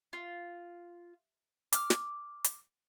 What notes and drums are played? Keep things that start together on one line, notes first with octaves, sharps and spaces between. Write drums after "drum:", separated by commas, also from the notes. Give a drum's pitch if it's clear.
F4
D6 F6, drum: hi-hat
drum: snare
drum: hi-hat